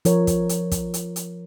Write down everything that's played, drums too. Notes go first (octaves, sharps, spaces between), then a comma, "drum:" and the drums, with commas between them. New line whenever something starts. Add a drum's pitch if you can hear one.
F3 A#4 C#5, drum: hi-hat
drum: kick, hi-hat
drum: hi-hat
drum: kick, hi-hat
drum: hi-hat
drum: hi-hat